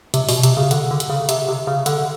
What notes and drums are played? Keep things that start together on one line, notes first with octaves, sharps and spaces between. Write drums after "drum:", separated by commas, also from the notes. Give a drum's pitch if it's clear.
C3, drum: hi-hat
B2, drum: open hi-hat
C3, drum: hi-hat
C#3
D3, drum: hi-hat
D3
drum: hi-hat
C#3
C3, drum: hi-hat
C3
C#3
D3, drum: hi-hat